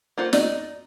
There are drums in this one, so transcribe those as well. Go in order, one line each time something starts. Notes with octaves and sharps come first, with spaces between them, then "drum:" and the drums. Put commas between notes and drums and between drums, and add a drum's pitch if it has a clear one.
A#3 F4 C5 F#5
D#4 D5 D#5, drum: snare